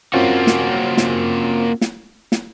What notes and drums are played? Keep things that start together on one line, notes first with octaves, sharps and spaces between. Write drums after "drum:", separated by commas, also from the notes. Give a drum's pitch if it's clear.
A#3 C4 C#4 F4 F#4
drum: snare
drum: snare
drum: snare
drum: snare